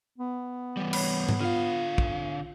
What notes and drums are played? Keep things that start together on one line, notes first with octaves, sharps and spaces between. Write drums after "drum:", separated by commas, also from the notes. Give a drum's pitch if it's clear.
B3
E3 G3
C#5 B5, drum: cymbal
drum: tom G#2
D3 F4 F5
drum: kick